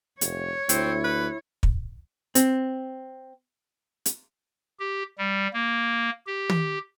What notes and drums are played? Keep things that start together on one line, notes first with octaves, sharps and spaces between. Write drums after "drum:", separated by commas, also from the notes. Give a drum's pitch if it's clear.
F1 C#5, drum: hi-hat
D2 C4 E4, drum: hi-hat
B4
drum: kick
C4, drum: hi-hat
drum: hi-hat
G4
G3
A#3
G4
drum: tom